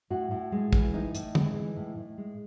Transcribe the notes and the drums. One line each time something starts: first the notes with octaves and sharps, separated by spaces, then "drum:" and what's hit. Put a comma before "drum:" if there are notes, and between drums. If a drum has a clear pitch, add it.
A2 F#4
A2
G#3
E3, drum: kick
A2 D#4
A2, drum: hi-hat
G#3, drum: tom
E3
A2
A2
G#3